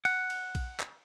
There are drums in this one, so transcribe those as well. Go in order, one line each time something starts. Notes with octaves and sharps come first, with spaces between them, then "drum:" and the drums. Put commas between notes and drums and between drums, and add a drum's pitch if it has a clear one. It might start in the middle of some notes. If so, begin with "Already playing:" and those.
F#5, drum: cymbal
drum: cymbal
drum: kick A#1, cymbal
drum: clap